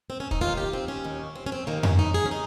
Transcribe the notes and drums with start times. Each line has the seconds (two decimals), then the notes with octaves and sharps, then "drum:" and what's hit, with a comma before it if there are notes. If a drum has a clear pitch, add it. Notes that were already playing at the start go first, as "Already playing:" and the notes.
0.10 C4
0.20 C#4
0.31 D#4, drum: kick
0.41 D#2 D#3 F4
0.57 G4
0.73 C4
0.88 C#4
1.04 D#2 D#3
1.36 C4
1.46 C#4
1.52 C4
1.67 G2 D#3 A#3
1.83 C#4, drum: tom F2
1.99 D#4
2.14 G#4
2.26 C#4
2.31 D#4